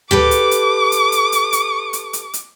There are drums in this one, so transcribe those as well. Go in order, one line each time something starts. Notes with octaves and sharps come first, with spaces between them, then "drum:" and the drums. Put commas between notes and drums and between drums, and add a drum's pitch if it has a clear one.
G4 A4 B4 D6, drum: tom D2
drum: hi-hat
drum: hi-hat
drum: hi-hat
drum: hi-hat
drum: hi-hat
drum: hi-hat
drum: hi-hat
drum: hi-hat
drum: hi-hat